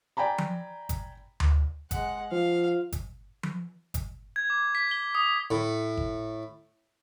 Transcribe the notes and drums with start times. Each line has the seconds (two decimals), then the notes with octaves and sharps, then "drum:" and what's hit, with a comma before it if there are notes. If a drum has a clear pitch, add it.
0.17 D5 G5 G#5 A#5 B5
0.38 drum: tom F3
0.89 drum: kick G1, hi-hat
1.40 drum: tom D2
1.91 G#3 F#5, drum: kick G1, hi-hat
2.31 F3 F5
2.92 drum: kick G1, hi-hat
3.43 drum: tom F3
3.94 drum: kick G1, hi-hat
4.36 G#6
4.50 D6
4.75 B6
4.91 G7
5.15 D#6
5.51 A2
5.97 drum: kick G1